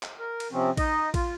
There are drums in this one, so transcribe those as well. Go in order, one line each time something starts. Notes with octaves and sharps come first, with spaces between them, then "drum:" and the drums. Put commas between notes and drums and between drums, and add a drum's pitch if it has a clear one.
drum: clap
A#4
drum: cymbal
C3 F3 C4 C#4
D#4 D#5, drum: kick, cymbal
F4, drum: kick, cymbal